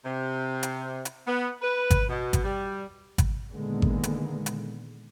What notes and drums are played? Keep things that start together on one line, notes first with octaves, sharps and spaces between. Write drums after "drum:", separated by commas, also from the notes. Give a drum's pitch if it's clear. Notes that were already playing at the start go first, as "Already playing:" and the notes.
C3
drum: hi-hat
drum: hi-hat
B3
B4
drum: kick G#1, hi-hat
B2
drum: kick G#1, hi-hat
G3
drum: kick G#1, hi-hat
A#2 D3 D#3 G#3 A#3 B3
drum: kick G#1
drum: hi-hat
drum: hi-hat